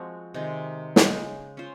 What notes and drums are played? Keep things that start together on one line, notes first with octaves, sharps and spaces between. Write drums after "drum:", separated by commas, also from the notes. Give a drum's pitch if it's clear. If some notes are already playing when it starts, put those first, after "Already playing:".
Already playing: F3 G#3 C4 F#4
C3 D#3 G#3
C#3 G#3 D#4, drum: snare
C#4 F4 C5